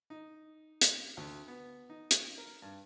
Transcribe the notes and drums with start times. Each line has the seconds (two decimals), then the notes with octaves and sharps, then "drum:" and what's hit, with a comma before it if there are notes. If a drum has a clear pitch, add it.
0.10 D#4
0.81 drum: hi-hat
1.17 D2
1.48 B3
1.90 D#4
2.11 drum: hi-hat
2.38 A#4
2.62 G2